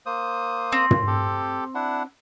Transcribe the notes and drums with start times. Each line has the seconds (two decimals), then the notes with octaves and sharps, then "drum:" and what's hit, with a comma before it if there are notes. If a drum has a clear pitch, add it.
0.06 A#3 C5 D#6
0.72 C4
0.91 drum: tom
1.07 G4 A4
1.75 D4 E4 F#5